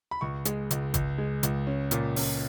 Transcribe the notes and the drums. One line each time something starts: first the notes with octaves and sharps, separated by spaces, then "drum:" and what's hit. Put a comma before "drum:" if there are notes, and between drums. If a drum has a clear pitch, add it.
B5
C#2 C#6
G#3, drum: hi-hat
C#2, drum: hi-hat
C#2, drum: kick G1, hi-hat
G#3
C#2, drum: hi-hat
C#4
A#2, drum: hi-hat
C#4, drum: open hi-hat